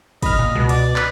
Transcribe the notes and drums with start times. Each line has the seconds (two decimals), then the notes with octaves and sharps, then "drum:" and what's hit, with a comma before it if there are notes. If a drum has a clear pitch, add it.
0.22 D#5 B5 F6, drum: kick, cymbal
0.39 A#2
0.55 C#2 B2
0.69 D5, drum: cymbal
0.96 B4, drum: clap